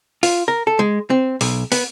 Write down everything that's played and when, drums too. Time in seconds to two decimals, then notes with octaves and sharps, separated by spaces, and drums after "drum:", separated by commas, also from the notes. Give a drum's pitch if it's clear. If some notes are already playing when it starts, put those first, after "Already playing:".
0.23 F4, drum: open hi-hat
0.48 A#4
0.67 A4
0.79 G#3
1.10 C4
1.41 B1, drum: open hi-hat
1.72 B3, drum: open hi-hat